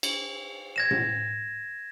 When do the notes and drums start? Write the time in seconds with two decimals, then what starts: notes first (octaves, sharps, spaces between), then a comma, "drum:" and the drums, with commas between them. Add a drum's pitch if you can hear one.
0.03 drum: cymbal
0.76 G#6 A#6 E7
0.91 drum: tom A2